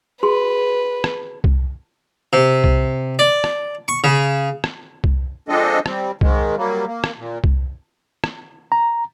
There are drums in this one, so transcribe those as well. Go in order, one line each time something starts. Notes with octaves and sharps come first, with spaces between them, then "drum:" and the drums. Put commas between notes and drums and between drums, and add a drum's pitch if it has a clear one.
F#4 G#4 B4 C6
drum: rim click
drum: kick C2
C3
drum: kick C2
D5
drum: rim click
C#6
C#3
drum: rim click
drum: kick C2
F3 G#3 C4 D4 A4 D#5
G3 C4, drum: rim click
G#2 D#3 G#3, drum: kick C2
F#3 G3 A#3
A#3
drum: rim click
A#2
drum: kick C2
drum: rim click
A#5